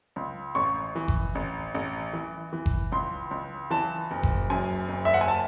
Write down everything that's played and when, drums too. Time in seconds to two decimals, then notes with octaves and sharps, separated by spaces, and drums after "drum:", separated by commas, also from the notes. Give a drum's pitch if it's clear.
0.16 C#2
0.55 A1 C#6
0.95 E3
1.08 drum: kick F#1
1.35 A1
1.74 A1
2.13 E3
2.53 E3
2.66 drum: kick F#1
2.92 C#2 C6
3.31 C#2
3.71 E3 A5
4.11 F#1
4.23 drum: kick F#1
4.50 F#2 G#5
4.88 F#1
5.05 E5
5.14 F#5
5.21 G#5
5.28 A5